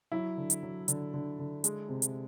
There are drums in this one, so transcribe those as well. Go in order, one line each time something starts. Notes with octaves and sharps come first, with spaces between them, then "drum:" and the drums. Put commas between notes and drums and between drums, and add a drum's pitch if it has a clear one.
F#3 E4
D3
drum: hi-hat
F#3
D3, drum: hi-hat
D3
D3
G#3, drum: hi-hat
C3
drum: hi-hat